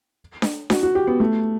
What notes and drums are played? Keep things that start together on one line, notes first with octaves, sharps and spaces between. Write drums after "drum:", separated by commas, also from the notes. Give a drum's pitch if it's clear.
drum: snare D4
F#4, drum: snare D4
F#4
G4
B3
A3